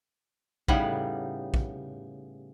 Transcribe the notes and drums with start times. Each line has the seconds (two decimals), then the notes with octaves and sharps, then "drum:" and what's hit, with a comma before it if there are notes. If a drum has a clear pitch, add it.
0.68 A2 C#3 G3 B3 D#4 F#5, drum: kick A#1
1.54 drum: kick A#1